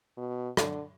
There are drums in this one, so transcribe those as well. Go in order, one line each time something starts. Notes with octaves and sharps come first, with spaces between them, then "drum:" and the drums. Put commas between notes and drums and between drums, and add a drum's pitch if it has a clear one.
B2
D3, drum: rim click